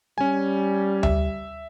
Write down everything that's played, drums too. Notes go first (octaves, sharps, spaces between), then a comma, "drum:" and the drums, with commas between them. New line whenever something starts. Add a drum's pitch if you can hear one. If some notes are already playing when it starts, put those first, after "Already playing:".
G3 C#4 G#5
E5, drum: tom D2